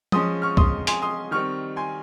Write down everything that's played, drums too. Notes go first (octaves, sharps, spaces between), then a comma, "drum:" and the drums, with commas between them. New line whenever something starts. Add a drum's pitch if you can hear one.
F3 G#3 C#4 C6 D#6, drum: tom F3
C#6 F6
C6 D#6, drum: kick
G#5 C6, drum: hi-hat
C6 D#6
D#3 G3 C4 C#6 F6
G#5 C6